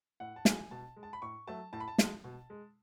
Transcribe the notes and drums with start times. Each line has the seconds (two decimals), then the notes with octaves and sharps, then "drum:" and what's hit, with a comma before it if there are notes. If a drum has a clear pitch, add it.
0.20 A2 F#5
0.36 A5
0.45 E3 G#3 G#5, drum: snare
0.71 B2 A5
0.96 G#3
1.03 A5
1.13 B5
1.22 A2 C#6
1.48 F#3 A3 A5
1.73 A2 A5
1.80 B5
1.88 A5
1.98 G#3, drum: snare
2.24 B2
2.50 G#3